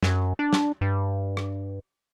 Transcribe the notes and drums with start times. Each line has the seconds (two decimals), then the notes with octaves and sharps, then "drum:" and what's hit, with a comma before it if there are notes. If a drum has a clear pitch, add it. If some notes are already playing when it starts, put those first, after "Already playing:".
0.03 F#2, drum: snare
0.39 D4
0.53 drum: snare
0.81 G2
1.37 drum: rim click